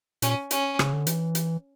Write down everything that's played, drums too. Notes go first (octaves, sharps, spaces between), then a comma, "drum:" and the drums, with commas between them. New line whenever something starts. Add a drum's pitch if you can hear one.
A#2 C#4, drum: hi-hat
C#4, drum: hi-hat
C#3, drum: rim click
D3
E3, drum: hi-hat
drum: hi-hat